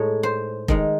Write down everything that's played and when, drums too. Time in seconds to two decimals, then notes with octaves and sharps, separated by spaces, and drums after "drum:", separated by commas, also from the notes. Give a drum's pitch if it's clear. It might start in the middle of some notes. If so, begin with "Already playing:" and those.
Already playing: A2 G#3 D#4 C#5
0.23 C5
0.68 D#3 G#3 D#4, drum: kick F1